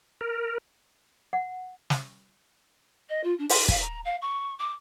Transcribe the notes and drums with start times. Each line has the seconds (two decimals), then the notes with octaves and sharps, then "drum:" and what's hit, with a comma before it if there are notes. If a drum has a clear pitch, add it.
0.21 A#4
1.33 F#5
1.90 drum: snare
3.09 D#5
3.23 F4
3.38 D4
3.49 C6, drum: open hi-hat
3.68 F5, drum: kick
3.80 A#5
4.04 F5
4.21 C#6
4.58 D6